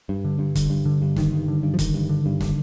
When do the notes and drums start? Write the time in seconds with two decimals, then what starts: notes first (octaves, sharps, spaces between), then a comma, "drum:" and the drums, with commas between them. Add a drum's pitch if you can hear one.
0.09 G2
0.25 D3
0.39 G2
0.55 D3, drum: kick, hi-hat
0.70 G2
0.86 D3
1.02 G2
1.16 D3 D#3, drum: snare
1.33 G2
1.48 D3
1.63 G2
1.74 F3
1.79 D3 D#3, drum: kick, hi-hat
1.94 G2
2.09 D3
2.26 G2
2.41 D3, drum: snare